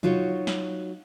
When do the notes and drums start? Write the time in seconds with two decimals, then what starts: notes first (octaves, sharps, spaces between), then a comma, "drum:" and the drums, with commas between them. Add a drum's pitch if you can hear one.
0.03 F#3 D#4 F4 F#4 C#5, drum: tom B2
0.47 drum: snare